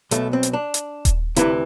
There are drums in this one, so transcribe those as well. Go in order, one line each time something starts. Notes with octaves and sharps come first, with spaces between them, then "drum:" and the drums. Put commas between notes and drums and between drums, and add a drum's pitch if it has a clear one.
B1 B2 A3, drum: hi-hat
C4
drum: hi-hat
D4
drum: hi-hat
drum: kick D#1, hi-hat
D2 C3 E3 E4, drum: hi-hat